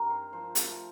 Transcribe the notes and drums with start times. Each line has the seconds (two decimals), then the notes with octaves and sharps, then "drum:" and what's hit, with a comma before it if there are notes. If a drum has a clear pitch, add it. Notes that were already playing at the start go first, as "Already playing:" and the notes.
Already playing: G2 C4 A#4
0.10 D#4 C5
0.32 F3 C5
0.55 A3, drum: hi-hat